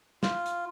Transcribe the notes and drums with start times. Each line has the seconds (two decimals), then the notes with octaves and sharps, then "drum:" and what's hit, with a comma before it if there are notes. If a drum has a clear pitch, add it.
0.23 F4, drum: snare
0.46 drum: hi-hat